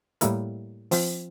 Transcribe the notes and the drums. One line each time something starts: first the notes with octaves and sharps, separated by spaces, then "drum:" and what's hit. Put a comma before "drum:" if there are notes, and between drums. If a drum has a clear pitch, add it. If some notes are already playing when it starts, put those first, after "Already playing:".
A2 G3 A#3 E4 A#4, drum: hi-hat
F3 C4 F4 C5, drum: open hi-hat